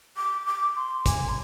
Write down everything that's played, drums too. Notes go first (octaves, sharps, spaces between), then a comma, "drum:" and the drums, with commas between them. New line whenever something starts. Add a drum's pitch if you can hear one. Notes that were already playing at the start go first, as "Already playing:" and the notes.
D6
D6
C6
G#5, drum: kick, hi-hat
C6